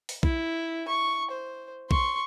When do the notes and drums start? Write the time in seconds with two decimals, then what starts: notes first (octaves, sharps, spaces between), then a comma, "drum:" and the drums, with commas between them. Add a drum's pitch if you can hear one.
0.09 drum: open hi-hat
0.23 E4, drum: kick
0.88 C#6
1.31 C5
1.91 C6 C#6, drum: kick